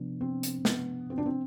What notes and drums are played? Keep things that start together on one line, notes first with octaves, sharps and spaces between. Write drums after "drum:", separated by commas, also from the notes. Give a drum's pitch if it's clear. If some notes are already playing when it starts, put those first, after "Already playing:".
Already playing: C3 F3 B3 D4
C4
drum: hi-hat
B3, drum: snare
C4
D4
C4